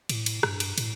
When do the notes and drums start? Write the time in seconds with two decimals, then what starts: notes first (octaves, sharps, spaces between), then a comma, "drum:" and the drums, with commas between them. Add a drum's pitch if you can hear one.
0.09 A2, drum: cymbal
0.26 drum: cymbal
0.43 G2, drum: rim click
0.60 drum: cymbal
0.78 A2, drum: cymbal